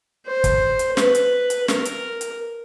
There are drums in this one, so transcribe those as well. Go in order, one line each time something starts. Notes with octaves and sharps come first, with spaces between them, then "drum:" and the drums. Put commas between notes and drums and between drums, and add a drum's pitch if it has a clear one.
C5
drum: kick, hi-hat
drum: hi-hat
B4, drum: snare
drum: hi-hat
drum: hi-hat
A#4, drum: snare
drum: hi-hat
drum: hi-hat